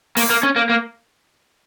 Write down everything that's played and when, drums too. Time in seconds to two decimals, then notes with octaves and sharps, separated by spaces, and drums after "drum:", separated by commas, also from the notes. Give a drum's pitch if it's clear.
0.17 A#3, drum: open hi-hat
0.30 A#3
0.43 C#4
0.56 A#3
0.70 A#3